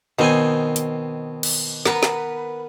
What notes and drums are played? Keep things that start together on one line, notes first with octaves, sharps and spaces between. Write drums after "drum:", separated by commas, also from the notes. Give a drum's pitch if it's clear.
B2 D#3 C4 G#5
drum: hi-hat
drum: cymbal
B3 A#4 B4, drum: snare
drum: snare